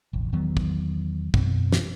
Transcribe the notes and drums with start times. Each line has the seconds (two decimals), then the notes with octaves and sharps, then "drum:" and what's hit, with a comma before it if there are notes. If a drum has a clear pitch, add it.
0.13 E1 A1
0.33 E2 D#3 F#3 B3
0.57 drum: kick
1.34 F#2 B2 C4, drum: kick
1.72 drum: snare